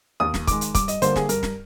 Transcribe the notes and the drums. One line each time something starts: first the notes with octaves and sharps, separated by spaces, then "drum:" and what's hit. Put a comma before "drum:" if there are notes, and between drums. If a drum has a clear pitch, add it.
D#2 D#6
drum: snare
D#3 G#3 D6, drum: kick, hi-hat
drum: hi-hat
G2 D6, drum: kick, hi-hat
D#5, drum: hi-hat
D3 G3 A#3 C5, drum: hi-hat
G#4, drum: snare
G2 A#4, drum: hi-hat
drum: snare